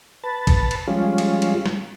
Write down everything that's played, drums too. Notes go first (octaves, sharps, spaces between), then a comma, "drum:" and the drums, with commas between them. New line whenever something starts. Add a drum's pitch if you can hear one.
B4 A5
drum: kick A1, cymbal
drum: cymbal
F3 G3 G#3 C#4 F4
drum: cymbal
drum: cymbal
drum: snare